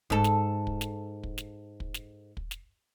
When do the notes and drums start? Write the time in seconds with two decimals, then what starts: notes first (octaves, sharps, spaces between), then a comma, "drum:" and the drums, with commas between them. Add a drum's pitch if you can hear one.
0.10 G#2 A4, drum: kick
0.24 drum: snare
0.67 drum: kick
0.81 drum: snare
1.23 drum: kick
1.38 drum: snare
1.80 drum: kick
1.94 drum: snare
2.37 drum: kick
2.51 drum: snare